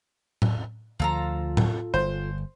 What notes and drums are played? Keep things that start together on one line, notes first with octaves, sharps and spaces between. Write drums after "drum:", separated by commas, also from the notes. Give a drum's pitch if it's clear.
drum: tom A2
D2 F3 F4 A4 A#5
drum: tom A2
G1 C5